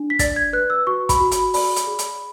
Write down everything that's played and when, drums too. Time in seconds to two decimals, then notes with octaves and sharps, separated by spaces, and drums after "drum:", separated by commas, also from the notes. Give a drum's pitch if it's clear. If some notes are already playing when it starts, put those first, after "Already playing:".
Already playing: D4
0.10 B6
0.19 D5 A6, drum: kick, hi-hat
0.36 G#6
0.53 B4 F#6
0.70 E6
0.87 F#4 C#6
1.09 B5, drum: kick, hi-hat
1.20 F#4
1.31 B5, drum: hi-hat
1.54 D5 B5, drum: open hi-hat
1.76 drum: hi-hat
1.87 G#4
1.99 drum: hi-hat